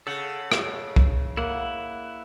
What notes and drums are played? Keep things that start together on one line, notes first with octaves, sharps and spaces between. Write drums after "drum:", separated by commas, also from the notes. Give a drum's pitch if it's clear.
C#3 A4 F#5
drum: rim click
drum: kick
A#3 E4 F#5